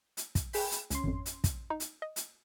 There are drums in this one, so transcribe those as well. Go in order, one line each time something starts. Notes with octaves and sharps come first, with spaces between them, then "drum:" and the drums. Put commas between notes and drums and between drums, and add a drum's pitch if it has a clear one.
drum: hi-hat
drum: kick, hi-hat
G#4 G5 B5, drum: open hi-hat
drum: hi-hat
C#2 C#4 C6, drum: hi-hat
G#1 F2
drum: hi-hat
drum: kick, hi-hat
D#4
drum: hi-hat
D#5
drum: hi-hat